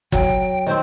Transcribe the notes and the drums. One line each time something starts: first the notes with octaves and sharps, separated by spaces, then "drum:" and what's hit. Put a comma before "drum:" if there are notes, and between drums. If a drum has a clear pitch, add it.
F#3 G5, drum: kick
D#3 C4 C5